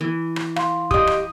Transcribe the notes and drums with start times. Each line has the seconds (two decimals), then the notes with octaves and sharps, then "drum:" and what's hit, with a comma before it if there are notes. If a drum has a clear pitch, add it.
0.01 E3
0.36 drum: rim click
0.56 F5 C6, drum: rim click
0.91 G4 D#5 D#6, drum: kick
1.07 drum: rim click